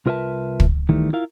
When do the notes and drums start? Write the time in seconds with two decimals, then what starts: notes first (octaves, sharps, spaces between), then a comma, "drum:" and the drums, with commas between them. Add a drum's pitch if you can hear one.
0.06 C2 F4 A#4 B4 E5 A5
0.60 drum: kick
0.89 D#3 E3 G3 A3
1.13 E4 F4 A#4 F5